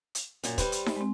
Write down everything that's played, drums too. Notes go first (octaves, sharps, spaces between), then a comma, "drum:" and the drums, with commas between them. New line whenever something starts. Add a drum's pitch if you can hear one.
drum: hi-hat
F#2 A#2, drum: hi-hat
G3 B4 C5, drum: kick, hi-hat
drum: hi-hat
drum: snare D#4
G#3 C4